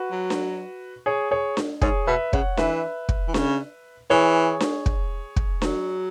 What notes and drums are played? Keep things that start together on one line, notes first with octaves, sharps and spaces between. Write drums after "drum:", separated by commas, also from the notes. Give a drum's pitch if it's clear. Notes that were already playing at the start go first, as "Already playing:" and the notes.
Already playing: F#4 B4
F#3
drum: snare D4
G#4 C#5
G#4 C#5
drum: snare D4
G#2 G#4 C#5, drum: kick
B2 B4 E5
C#3 C#5 F#5, drum: kick
E3 B4 E5, drum: snare D4
drum: kick
E3
C#3, drum: snare D4
E3 G#4 C#5
drum: snare D4
drum: kick
drum: kick
F#3, drum: snare D4